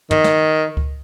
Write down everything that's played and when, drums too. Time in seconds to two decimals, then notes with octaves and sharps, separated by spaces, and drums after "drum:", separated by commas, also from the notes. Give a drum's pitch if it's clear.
0.11 D#3, drum: tom
0.24 drum: snare
0.77 drum: kick C#2